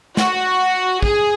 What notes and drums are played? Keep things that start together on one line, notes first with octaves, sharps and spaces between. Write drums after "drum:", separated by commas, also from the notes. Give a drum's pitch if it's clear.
F#4, drum: snare
G#4, drum: kick